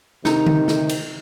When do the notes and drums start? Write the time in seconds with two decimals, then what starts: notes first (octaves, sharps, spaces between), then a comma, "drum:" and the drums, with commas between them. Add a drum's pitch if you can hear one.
0.25 C3 D#3 D#4 A#5, drum: snare
0.46 drum: tom D3
0.68 drum: snare
0.89 drum: cymbal